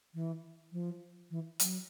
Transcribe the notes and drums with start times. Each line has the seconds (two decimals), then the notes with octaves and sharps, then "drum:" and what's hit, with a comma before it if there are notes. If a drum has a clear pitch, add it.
0.14 E3
0.72 F3
1.31 E3
1.60 F#3, drum: hi-hat